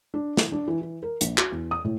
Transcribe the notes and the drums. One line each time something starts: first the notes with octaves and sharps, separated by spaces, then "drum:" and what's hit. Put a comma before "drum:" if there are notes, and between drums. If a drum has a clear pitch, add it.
D4
E3, drum: snare
D4
E3
E3
A#4
A#1, drum: hi-hat
F#4, drum: clap
E2
D#6
A2